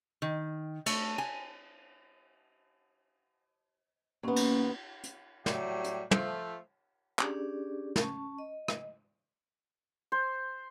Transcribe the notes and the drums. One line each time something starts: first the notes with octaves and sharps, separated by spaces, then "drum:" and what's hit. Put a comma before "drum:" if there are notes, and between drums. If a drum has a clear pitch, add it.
D#3
A3, drum: cymbal
G#5
D#2 A#3 B3 C#4 C6
drum: cymbal
drum: hi-hat
A2 F#3 G3 G4, drum: snare
drum: hi-hat
F3 A3, drum: tom
C#4 D4 G4 G#4 D5, drum: clap
C#4 A5 C#6, drum: snare
D#5
drum: rim click
C5